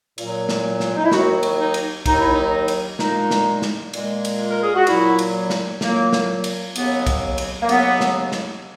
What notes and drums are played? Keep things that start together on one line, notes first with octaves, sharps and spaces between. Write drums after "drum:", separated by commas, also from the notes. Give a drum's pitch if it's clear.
A#2 F#3, drum: cymbal
drum: snare
drum: snare
D#4
E4
D#2 D#3 F#3 F#4, drum: snare
drum: cymbal
D#4
drum: cymbal
D#2 D#3 F#3 D#4, drum: kick B1, cymbal
E4
D#4
drum: cymbal
A#2 G#3 D#4, drum: snare
drum: snare
drum: snare
A#2 G#3, drum: cymbal
drum: cymbal
A#4
G#4
F#4
A#2 F#3 E4, drum: cymbal
drum: cymbal
drum: snare
A#2 F#3 A#3, drum: snare
drum: snare
drum: cymbal
D#2 C#3 F#3 B3, drum: cymbal
drum: kick B1, cymbal
drum: cymbal
A#3
D#2 C#3 F#3 B3, drum: cymbal
drum: snare
drum: snare